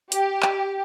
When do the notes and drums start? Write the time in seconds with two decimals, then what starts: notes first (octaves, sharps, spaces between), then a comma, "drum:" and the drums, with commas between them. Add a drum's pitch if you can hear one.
0.12 G4, drum: hi-hat
0.42 drum: clap